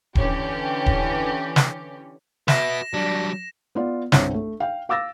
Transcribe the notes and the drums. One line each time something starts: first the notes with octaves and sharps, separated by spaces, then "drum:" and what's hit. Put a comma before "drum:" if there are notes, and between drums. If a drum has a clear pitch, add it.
D3 E3 C#4 G4, drum: kick D#1
drum: kick D#1
drum: snare
F#4 B4 E5 A#6 E7, drum: snare
F#3 G3 D4
B3 F4 D5
G1 C2 C4 C#5 E5, drum: snare
A3
F5 G5
F5 D6 E6 A6 A#6